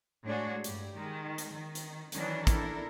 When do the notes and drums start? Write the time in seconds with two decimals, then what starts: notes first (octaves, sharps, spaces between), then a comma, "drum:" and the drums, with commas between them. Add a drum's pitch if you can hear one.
0.24 A2 G#3 D4 F#4 G#4 C#5
0.64 G2 G4, drum: hi-hat
0.97 D#3 G#3
1.38 drum: hi-hat
1.52 D#3
1.75 drum: hi-hat
2.12 D#3 E3 F#3 C#4 D4, drum: hi-hat
2.47 D4 E4 A4 A#4, drum: kick, hi-hat